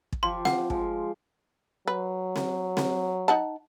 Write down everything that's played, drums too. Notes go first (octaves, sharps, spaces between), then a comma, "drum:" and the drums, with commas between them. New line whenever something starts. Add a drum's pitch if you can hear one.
drum: kick
F3 F4 G4 C6
F#5, drum: snare C4
F3 G#3, drum: kick
F#3 B4
drum: snare C4
drum: snare C4
D#4 F#5 A5